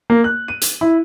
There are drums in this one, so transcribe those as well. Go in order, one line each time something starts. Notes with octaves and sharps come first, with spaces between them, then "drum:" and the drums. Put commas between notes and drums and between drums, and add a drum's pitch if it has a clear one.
A#3
F#6
D#7
drum: hi-hat
E4